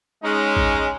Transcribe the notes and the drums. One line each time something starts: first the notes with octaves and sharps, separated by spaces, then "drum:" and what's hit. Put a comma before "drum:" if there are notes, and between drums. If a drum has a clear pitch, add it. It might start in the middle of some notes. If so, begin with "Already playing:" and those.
G#3 C#4 D#4
drum: kick A#1